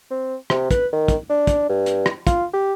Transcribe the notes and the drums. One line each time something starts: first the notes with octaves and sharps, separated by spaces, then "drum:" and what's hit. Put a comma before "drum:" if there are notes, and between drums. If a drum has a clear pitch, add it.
C4
C3, drum: rim click
B4, drum: kick, hi-hat
D#3
drum: kick, hi-hat
D4
drum: kick, hi-hat
G2
drum: hi-hat
drum: rim click
F4, drum: kick, hi-hat
G4